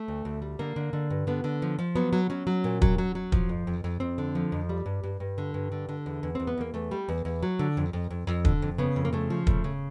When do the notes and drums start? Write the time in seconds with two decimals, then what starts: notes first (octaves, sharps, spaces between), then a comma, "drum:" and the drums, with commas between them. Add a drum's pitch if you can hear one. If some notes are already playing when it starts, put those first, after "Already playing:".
Already playing: A3
0.08 D2
0.25 D2
0.42 G3
0.59 D3 A#3
0.76 D3
0.93 D3
1.10 G2
1.27 D3 B3
1.44 D3
1.62 F3
1.79 F3
1.95 F#3 B3
2.13 F#3
2.30 F#3 C#4
2.47 F#3
2.64 A#2
2.82 F#3, drum: kick
2.98 F#3
3.15 F#3
3.32 F3, drum: kick
3.49 F2
3.67 F2
3.84 F2
4.00 F2 C4
4.18 D3
4.35 F3
4.52 F2
4.69 G3
4.86 G2
5.03 G2
5.20 G2
5.38 D3
5.54 G2
5.72 D3
5.89 D3
6.06 E2
6.23 E2
6.35 E2 C4
6.47 B3
6.58 E2 A#3
6.74 E2 A3
6.91 G3
7.09 E2
7.25 E2
7.43 F#3
7.59 D3
7.77 F2
7.93 F2
8.10 F2
8.27 F2
8.45 D3, drum: kick
8.62 F2
8.78 C#3 B3
8.96 F2
9.05 A#3
9.13 C#3 A3
9.30 F3
9.47 C#3 A3, drum: kick
9.64 C#3